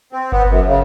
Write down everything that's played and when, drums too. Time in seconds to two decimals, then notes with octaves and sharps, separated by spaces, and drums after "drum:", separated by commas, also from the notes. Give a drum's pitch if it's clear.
0.12 C4
0.32 B3, drum: kick G1
0.49 F#2
0.67 C#3